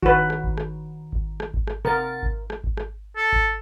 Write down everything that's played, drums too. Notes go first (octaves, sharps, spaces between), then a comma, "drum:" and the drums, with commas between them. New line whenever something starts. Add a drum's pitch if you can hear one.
D#3 F#4 B4, drum: kick G#1
drum: rim click
drum: kick G#1
drum: rim click
drum: kick G#1
drum: rim click
drum: kick G#1
drum: rim click
C3 A#4 F#5 A6
drum: kick G#1
drum: rim click
drum: kick G#1
drum: rim click
A4
drum: kick G#1